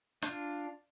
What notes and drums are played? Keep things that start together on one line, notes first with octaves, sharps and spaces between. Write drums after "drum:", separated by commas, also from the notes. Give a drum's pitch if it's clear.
D4 F4, drum: hi-hat